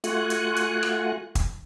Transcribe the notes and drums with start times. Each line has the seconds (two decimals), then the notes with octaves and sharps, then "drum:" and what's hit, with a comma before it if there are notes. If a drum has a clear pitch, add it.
0.04 A3 F4 F#4 F#5 G#5 F#6, drum: hi-hat
0.30 drum: hi-hat
0.56 drum: hi-hat
0.83 drum: rim click
1.35 drum: kick, hi-hat